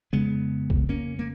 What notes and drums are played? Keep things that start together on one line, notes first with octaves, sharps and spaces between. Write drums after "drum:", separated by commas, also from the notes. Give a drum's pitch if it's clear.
F2 C#3 G#3 B3
drum: kick B1
A#3 C#4
A#3